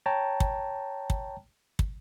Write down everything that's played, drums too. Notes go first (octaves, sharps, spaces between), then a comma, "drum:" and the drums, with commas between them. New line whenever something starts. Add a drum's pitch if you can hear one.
C#5 G5 A5 A#5
drum: kick
drum: kick
drum: kick